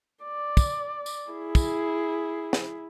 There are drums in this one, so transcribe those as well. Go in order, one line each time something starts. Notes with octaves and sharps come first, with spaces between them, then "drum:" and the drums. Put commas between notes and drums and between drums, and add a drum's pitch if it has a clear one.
D5
drum: kick, tambourine
drum: tambourine
E4 G#4
drum: kick, tambourine
drum: snare